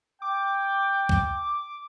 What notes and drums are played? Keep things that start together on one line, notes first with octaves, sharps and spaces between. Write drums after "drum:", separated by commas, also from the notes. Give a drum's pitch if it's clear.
G5 D6
drum: kick C#2